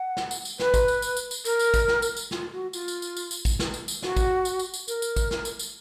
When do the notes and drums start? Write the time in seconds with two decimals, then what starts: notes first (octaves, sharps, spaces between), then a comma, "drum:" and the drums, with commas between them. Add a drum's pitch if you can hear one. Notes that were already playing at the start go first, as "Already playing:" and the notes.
Already playing: F#5
0.17 drum: snare
0.31 drum: tambourine
0.45 drum: tambourine
0.59 B4, drum: snare
0.74 drum: kick, tambourine
0.88 drum: tambourine
1.02 drum: tambourine
1.17 drum: tambourine
1.31 drum: tambourine
1.45 A#4, drum: tambourine
1.59 drum: tambourine
1.74 drum: kick, tambourine
1.88 drum: snare
2.02 drum: tambourine
2.17 drum: tambourine
2.31 F4, drum: snare
2.52 F#4
2.73 F4, drum: tambourine
2.88 drum: tambourine
3.02 drum: tambourine
3.17 drum: tambourine
3.31 drum: tambourine
3.45 drum: kick, tambourine
3.59 drum: snare
3.74 drum: tambourine
3.88 drum: tambourine
4.02 F#4, drum: snare
4.17 drum: kick, tambourine
4.45 drum: tambourine
4.59 drum: tambourine
4.74 drum: tambourine
4.88 A#4, drum: tambourine
5.02 drum: tambourine
5.16 drum: kick, tambourine
5.31 drum: snare
5.45 drum: tambourine
5.59 drum: tambourine